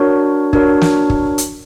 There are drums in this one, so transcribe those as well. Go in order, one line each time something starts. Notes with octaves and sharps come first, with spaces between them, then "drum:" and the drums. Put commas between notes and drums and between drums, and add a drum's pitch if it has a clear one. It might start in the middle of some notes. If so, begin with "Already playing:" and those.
Already playing: D4 F#4 A#4 C#5
D4 F#4 A#4 C#5, drum: kick
drum: snare
drum: kick
drum: hi-hat